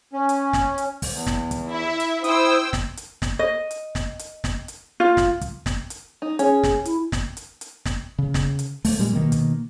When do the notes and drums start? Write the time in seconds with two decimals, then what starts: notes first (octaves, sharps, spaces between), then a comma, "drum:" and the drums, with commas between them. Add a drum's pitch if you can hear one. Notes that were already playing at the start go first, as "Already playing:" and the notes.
0.13 C#4
0.29 drum: hi-hat
0.53 drum: snare
0.78 drum: hi-hat
1.02 drum: kick, open hi-hat
1.13 E2
1.27 drum: snare
1.51 drum: kick, hi-hat
1.69 E4 E5
2.00 drum: hi-hat
2.24 E4 C5 G5 D#6 E6, drum: hi-hat
2.73 drum: snare
2.97 drum: hi-hat
3.22 drum: snare
3.39 D#5
3.71 drum: hi-hat
3.95 drum: snare
4.19 drum: hi-hat
4.44 drum: snare
4.68 drum: hi-hat
5.00 F4
5.17 drum: snare
5.41 drum: kick, hi-hat
5.66 drum: snare
5.90 drum: hi-hat
6.22 D#4
6.39 C#4 G#4, drum: hi-hat
6.63 drum: snare
6.85 E4, drum: hi-hat
7.12 drum: snare
7.37 drum: hi-hat
7.61 drum: hi-hat
7.85 drum: snare
8.18 C#3
8.34 drum: snare
8.59 drum: hi-hat
8.85 A3, drum: kick, open hi-hat
8.99 A#2 G3 G#3
9.13 B2 D#3 A#3
9.32 drum: kick, hi-hat